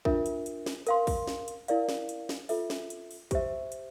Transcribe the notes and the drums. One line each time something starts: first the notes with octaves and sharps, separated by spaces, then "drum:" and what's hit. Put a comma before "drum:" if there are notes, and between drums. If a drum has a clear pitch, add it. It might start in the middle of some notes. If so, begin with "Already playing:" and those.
D4 F4 A#4 E5, drum: kick
drum: hi-hat
drum: hi-hat
drum: snare
A#4 F5 C6, drum: hi-hat
drum: kick, open hi-hat
drum: snare
drum: hi-hat
E4 A#4 D5 F5, drum: hi-hat
drum: snare
drum: hi-hat
drum: snare
F4 A4 E5, drum: open hi-hat
drum: snare
drum: hi-hat
drum: open hi-hat
G4 C5 E5, drum: kick, hi-hat
drum: hi-hat